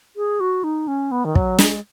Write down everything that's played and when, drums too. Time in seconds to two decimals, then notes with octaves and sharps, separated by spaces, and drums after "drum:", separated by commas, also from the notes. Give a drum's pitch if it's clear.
0.16 G#4
0.40 F#4
0.64 D#4
0.88 C#4
1.11 B3
1.25 D#3
1.35 F#3, drum: kick
1.59 G#3, drum: snare